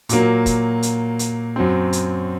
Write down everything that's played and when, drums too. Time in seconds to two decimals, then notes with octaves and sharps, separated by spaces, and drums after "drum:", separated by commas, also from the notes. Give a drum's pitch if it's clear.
0.09 A#2 F#3 A#3, drum: hi-hat
0.46 drum: kick, hi-hat
0.83 drum: hi-hat
1.19 drum: hi-hat
1.56 F#2 F#3 C4
1.93 drum: hi-hat